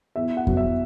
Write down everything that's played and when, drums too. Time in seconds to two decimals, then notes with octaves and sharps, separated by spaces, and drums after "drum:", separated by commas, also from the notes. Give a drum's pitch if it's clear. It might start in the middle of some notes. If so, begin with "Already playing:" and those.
0.16 E2 E5
0.37 F#5
0.47 B2 F#3 B3, drum: kick F2
0.57 E5